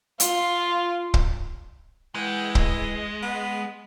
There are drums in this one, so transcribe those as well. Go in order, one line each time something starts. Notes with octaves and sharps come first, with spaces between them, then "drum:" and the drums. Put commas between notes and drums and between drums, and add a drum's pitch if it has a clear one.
F4, drum: hi-hat
drum: kick
E3 G#3 F#5 G5
D#5, drum: kick
B3